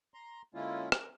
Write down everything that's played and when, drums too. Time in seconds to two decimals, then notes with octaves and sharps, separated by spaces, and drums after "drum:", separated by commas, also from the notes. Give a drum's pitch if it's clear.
0.14 A#5 C6
0.54 D3 G#3 A#3 C#4 E4 F4
0.92 A#4, drum: rim click